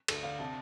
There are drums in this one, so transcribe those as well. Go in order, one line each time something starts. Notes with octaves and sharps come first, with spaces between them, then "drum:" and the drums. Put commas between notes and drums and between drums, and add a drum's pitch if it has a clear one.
D2 A4, drum: cymbal
D3 F5
C3 A5